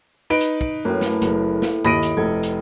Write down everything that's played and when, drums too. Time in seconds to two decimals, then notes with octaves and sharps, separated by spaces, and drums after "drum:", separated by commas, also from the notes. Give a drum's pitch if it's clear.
0.30 D#4 B4 D7
0.40 drum: hi-hat
0.61 drum: kick
0.85 F#2 A2 A#3 B4
1.01 drum: snare
1.22 F#1, drum: hi-hat
1.62 drum: snare
1.85 D#2 D#5 B5 A#6 D7 D#7, drum: tom G2
2.03 drum: hi-hat
2.17 F1 A4 G#6
2.43 drum: hi-hat